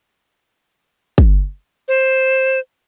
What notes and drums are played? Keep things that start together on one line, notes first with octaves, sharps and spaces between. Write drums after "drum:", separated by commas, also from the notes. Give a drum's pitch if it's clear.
drum: kick
C5